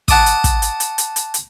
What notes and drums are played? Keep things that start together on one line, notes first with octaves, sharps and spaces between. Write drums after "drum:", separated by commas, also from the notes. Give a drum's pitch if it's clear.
F#5 A5 D6 D#6, drum: kick, hi-hat
drum: hi-hat
drum: kick, hi-hat
drum: hi-hat
drum: hi-hat
drum: hi-hat
drum: hi-hat
drum: hi-hat